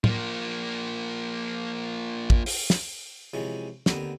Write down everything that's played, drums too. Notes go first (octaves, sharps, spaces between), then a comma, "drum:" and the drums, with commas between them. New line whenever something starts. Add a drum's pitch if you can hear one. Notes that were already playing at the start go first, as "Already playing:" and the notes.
F3 A#3, drum: tom A2
drum: kick
drum: open hi-hat
drum: snare
C3 E3 F3 G#3 C#4
D#2 D3 B3 C4 A#4, drum: snare